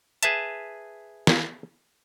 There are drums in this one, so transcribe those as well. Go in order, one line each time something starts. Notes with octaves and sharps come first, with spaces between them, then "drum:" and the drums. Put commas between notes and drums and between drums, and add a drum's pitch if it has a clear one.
G#4 B4 E5 A5, drum: hi-hat
drum: snare